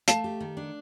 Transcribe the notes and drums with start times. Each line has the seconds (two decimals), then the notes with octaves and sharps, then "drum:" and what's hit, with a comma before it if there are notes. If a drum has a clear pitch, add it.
0.08 A3 F5 A5, drum: hi-hat
0.24 G4
0.40 D#3
0.57 D4